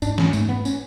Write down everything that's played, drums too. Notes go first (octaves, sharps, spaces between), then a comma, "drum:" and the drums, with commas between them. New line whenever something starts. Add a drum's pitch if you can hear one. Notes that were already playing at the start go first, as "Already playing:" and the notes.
G#2 D4, drum: tambourine
C#4, drum: snare
G#2 A3, drum: tambourine
B3
C#4, drum: tambourine